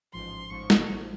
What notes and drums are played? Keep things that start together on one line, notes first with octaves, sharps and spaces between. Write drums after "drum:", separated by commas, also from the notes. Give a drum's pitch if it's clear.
A1 G#2 F3 C6
A1 G#2 F3 C#6
drum: snare
A1 G#2 F3